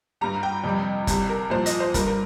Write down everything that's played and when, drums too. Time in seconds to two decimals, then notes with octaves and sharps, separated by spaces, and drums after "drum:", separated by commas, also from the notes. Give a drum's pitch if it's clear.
0.21 G2 G3 A#5
0.43 G5
0.64 F2 C3 G3
1.07 C2 C3 G3, drum: kick, hi-hat
1.29 A#4
1.50 C2 A#2 F3 C5
1.66 D#5, drum: hi-hat
1.80 C5
1.94 G2 G3 A#4, drum: kick, hi-hat
2.07 A#4